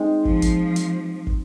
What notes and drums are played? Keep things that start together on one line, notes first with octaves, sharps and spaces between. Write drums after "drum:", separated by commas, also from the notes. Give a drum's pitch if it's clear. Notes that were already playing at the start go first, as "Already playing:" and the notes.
Already playing: G#3 C4 D#4 G#4
F3, drum: kick
drum: kick, hi-hat
drum: hi-hat
drum: kick